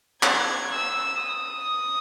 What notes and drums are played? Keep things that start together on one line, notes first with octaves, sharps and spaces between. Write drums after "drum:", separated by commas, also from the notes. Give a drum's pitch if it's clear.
G#6, drum: clap
E6
D#6